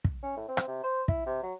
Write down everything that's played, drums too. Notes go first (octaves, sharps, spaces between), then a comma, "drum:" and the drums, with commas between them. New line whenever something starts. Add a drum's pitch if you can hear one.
drum: kick
C#4
A2
C4
drum: rim click
C3
C5
E4, drum: kick
C3
F#3